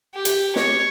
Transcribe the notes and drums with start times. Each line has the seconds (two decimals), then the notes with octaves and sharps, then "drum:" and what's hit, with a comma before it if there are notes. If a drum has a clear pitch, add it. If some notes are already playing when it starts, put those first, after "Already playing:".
0.15 G4
0.25 drum: hi-hat
0.56 C#5, drum: snare